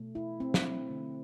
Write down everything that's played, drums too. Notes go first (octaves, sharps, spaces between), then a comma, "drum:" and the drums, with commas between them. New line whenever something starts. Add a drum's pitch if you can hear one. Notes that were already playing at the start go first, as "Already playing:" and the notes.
Already playing: B2 A3
E4
C4
drum: snare
D3 A3